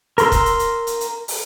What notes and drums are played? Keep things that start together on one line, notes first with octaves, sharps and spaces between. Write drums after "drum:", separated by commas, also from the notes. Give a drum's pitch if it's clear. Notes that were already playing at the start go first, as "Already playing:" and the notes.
A#4 C6 E6, drum: hi-hat
drum: kick, hi-hat
drum: hi-hat
drum: hi-hat
drum: hi-hat
drum: hi-hat
drum: open hi-hat